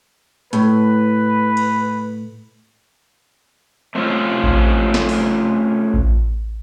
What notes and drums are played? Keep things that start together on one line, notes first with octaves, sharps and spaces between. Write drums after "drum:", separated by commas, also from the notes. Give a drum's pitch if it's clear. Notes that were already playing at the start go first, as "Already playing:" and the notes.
A2 B4, drum: hi-hat
drum: cymbal
A3 C4 C#4 F4 A4
drum: kick A1
drum: snare
drum: open hi-hat
drum: kick A1